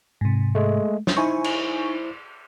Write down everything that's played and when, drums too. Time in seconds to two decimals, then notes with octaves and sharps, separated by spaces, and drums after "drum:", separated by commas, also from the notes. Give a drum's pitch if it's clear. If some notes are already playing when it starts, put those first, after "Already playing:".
0.21 G#2 C3
0.55 G#3 A3
1.07 drum: snare
1.17 D#4 E4 C5 G#5 C#6
1.44 drum: cymbal